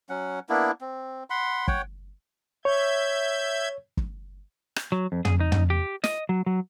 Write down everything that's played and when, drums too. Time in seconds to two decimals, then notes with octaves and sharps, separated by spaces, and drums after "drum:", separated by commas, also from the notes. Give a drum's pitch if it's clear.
0.09 F#3 C#4 F#5
0.49 A#3 B3 D4 E4
0.81 C4
1.30 F#5 B5 C6
1.68 C#5 F#5 G5, drum: kick
2.65 C#5 E5 G6 G#6
3.97 drum: kick
4.76 drum: rim click
4.92 F#3
5.12 F2
5.25 G#4, drum: tom
5.40 D#4
5.52 drum: tom
5.70 G4
6.04 D#5, drum: snare
6.29 F#3
6.46 F#3